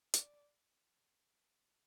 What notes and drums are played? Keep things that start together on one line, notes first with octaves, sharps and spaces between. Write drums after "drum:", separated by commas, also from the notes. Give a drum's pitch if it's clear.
D5, drum: hi-hat